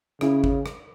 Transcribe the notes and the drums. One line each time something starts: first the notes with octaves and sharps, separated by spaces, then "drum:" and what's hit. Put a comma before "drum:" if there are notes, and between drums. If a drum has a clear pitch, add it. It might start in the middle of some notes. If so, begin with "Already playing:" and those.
C#3 C#4 E4, drum: rim click
drum: kick G#1
drum: rim click